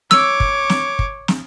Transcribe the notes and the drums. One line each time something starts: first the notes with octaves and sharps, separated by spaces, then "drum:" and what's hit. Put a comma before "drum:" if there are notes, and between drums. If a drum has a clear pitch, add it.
C#5 D6 E6, drum: snare
drum: kick
drum: snare
drum: kick
drum: snare